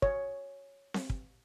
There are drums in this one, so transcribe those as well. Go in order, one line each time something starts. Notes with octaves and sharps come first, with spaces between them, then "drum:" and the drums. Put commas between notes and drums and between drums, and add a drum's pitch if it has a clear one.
C#5, drum: kick
drum: snare C4
drum: kick